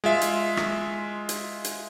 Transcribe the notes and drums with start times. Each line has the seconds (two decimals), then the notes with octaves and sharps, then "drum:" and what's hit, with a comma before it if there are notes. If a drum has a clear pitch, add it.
0.04 G#3 F4 E5
0.21 drum: hi-hat
0.57 drum: rim click
1.29 drum: hi-hat
1.64 drum: hi-hat